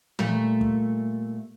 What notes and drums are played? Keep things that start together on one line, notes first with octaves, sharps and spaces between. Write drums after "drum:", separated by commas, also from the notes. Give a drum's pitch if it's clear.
A#2 G3 A3, drum: tom E3
drum: kick